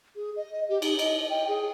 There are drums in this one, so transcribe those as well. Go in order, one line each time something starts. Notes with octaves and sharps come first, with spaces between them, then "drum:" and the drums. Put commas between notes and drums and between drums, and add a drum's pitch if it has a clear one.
G#4
D#5
G4
D#4, drum: cymbal
D#5, drum: cymbal
G5
G#4